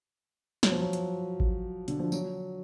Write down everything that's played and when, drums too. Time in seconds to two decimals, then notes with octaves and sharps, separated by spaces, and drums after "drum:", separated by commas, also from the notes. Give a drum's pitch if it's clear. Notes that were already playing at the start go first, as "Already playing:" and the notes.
0.63 F#3, drum: snare
0.72 F3
0.80 F#3
0.93 drum: hi-hat
1.40 drum: kick G#1
1.88 D3, drum: hi-hat
1.99 F3
2.12 F#3, drum: tambourine